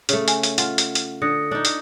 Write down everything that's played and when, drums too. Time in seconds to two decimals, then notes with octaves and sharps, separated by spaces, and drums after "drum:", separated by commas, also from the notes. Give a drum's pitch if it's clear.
0.09 C#3 A3, drum: hi-hat
0.28 G#5, drum: hi-hat
0.43 drum: hi-hat
0.58 F4 F#5, drum: hi-hat
0.78 drum: hi-hat
0.95 drum: hi-hat
1.22 D3 D#6 A#6 C#7
1.51 D4 D#4
1.65 drum: hi-hat